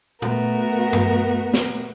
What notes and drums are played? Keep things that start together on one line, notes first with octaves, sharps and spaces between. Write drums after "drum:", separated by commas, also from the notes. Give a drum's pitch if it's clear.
A3 B3 F#4 A#4, drum: tom A#2
drum: tom G2
drum: snare